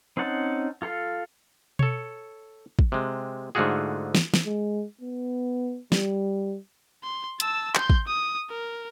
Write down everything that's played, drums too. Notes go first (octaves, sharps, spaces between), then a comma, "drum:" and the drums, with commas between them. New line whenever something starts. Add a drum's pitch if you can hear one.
C4 C#4 D#4 F#5 A5
F4 A4 F5
A4 C#5, drum: tom B2
drum: kick
C3 G#3
G#2 D3 A3 F4 F#4 G#4
drum: snare
drum: snare
G#3
B3
G3, drum: snare
C6
A5 E6, drum: hi-hat
C6 G6, drum: clap
drum: kick
D#6
A#4